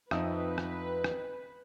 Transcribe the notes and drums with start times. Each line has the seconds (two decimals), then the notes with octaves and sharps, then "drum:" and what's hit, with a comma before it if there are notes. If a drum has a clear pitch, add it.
0.11 F2 C4 D#4 B4 E5 D#6, drum: rim click
0.58 drum: rim click
1.04 drum: rim click